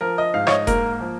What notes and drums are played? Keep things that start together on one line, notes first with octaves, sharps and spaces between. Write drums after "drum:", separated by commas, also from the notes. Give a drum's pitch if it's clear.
F3 A#4
D#5
G#2 F5
C#5, drum: rim click
D#5
A#3 A#4, drum: kick F1, hi-hat
F3